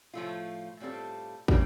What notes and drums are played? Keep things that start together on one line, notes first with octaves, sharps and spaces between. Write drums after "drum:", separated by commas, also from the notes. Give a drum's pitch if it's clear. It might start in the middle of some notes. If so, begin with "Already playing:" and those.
A2 F3 A3 F4
A2 G3 C4 F4 A4
A2 G3, drum: kick